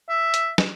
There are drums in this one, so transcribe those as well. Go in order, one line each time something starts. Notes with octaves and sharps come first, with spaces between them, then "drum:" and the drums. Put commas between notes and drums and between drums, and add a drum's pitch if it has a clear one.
E5
drum: hi-hat
drum: snare